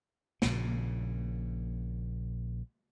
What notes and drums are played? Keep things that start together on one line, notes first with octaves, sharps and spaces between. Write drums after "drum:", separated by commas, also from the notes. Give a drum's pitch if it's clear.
A#1 A#2 C#3, drum: snare